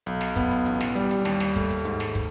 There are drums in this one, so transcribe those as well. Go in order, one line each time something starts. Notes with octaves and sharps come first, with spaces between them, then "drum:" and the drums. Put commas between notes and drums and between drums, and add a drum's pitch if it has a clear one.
B1, drum: hi-hat
drum: snare
B3, drum: kick, hi-hat
drum: hi-hat
A1, drum: hi-hat
drum: snare
G3, drum: hi-hat
drum: hi-hat
D#2, drum: snare
drum: snare
A3, drum: kick, hi-hat
drum: hi-hat
G#2, drum: hi-hat
drum: snare
drum: kick, hi-hat